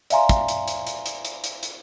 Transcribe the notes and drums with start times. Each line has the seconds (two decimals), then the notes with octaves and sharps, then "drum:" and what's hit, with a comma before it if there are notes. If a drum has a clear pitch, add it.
0.10 D5 E5 F5 G#5 A#5 C6, drum: hi-hat
0.29 drum: kick, hi-hat
0.48 drum: hi-hat
0.68 drum: hi-hat
0.87 drum: hi-hat
1.06 drum: hi-hat
1.25 drum: hi-hat
1.44 drum: hi-hat
1.63 drum: hi-hat